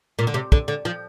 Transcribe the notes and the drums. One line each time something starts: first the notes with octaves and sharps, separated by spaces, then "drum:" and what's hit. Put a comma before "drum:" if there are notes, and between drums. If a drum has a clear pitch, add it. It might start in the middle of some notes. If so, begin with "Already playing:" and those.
A#2
D3
C3
D3, drum: kick
D3
F3